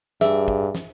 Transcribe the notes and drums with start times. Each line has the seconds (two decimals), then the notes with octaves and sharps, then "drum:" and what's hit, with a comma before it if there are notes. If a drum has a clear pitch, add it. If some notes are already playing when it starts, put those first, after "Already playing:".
0.21 G2 G#4 E5, drum: snare
0.48 drum: kick
0.75 drum: snare